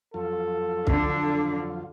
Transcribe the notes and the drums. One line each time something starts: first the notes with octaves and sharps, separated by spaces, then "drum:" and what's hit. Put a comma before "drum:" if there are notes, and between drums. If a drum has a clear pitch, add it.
F2 F#3 F4 A4
D3 D4, drum: kick C2